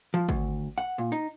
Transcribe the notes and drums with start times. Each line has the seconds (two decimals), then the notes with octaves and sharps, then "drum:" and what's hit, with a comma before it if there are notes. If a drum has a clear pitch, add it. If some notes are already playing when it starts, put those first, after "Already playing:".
0.14 F3
0.29 D2, drum: kick G#1
0.78 F#5
0.98 A#2
1.12 D#4